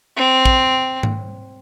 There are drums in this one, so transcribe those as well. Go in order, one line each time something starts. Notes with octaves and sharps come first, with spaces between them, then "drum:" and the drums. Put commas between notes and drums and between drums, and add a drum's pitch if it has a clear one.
C4
drum: kick
drum: tom G#2